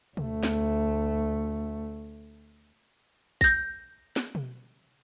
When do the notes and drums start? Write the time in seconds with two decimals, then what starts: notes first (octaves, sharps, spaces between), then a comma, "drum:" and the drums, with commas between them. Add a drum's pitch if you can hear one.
0.17 D2 A3, drum: tom B2
0.43 drum: snare
3.41 G6 A#6, drum: kick A#1
4.16 drum: snare
4.35 drum: tom B2